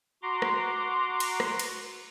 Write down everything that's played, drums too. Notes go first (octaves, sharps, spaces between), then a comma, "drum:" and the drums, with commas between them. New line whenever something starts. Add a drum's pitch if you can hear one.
F#4 A#5 C6 D6
drum: rim click
drum: cymbal
drum: rim click
drum: cymbal